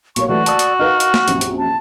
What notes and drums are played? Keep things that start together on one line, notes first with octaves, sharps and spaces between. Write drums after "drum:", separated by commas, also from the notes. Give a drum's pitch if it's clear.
B1 A#3 C#5 C#6, drum: hi-hat
E3 F#3 A3 F#4 D5
D5 A5 D#6 E6, drum: hi-hat
drum: hi-hat
D#4 A#4 F5 F6
drum: hi-hat
drum: snare
A#1 F#2 C3, drum: hi-hat
drum: hi-hat
A5